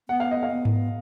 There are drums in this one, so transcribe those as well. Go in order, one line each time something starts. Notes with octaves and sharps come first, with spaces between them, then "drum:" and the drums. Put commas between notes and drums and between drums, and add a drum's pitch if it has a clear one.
B3 F#5
F5
D#5
F5
B3
drum: tom G#2